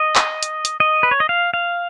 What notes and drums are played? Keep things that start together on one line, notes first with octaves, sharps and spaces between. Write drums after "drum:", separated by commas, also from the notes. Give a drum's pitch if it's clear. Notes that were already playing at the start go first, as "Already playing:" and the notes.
Already playing: D#5
drum: clap
drum: hi-hat
drum: hi-hat
D#5
B4
C#5
D#5
F5
F5